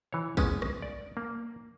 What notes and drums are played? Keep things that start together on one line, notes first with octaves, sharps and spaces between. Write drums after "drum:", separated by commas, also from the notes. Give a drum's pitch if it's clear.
E3 C#5
G#3 B3 C#4 B4, drum: kick, tambourine
drum: rim click
D5
A#3